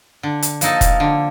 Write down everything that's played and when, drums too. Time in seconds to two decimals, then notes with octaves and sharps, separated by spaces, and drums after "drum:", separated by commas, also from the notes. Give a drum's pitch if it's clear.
0.23 D3
0.42 drum: hi-hat
0.61 F3 A#3 D#4 A4, drum: hi-hat
0.81 drum: kick, hi-hat
1.00 D3